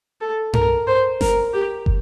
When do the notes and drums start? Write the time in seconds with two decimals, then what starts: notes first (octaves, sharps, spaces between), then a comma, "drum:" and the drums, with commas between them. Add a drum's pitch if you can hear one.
0.21 A4
0.53 A#4, drum: tom G2
0.87 C5
1.21 A#4, drum: snare G1
1.53 G4
1.86 drum: kick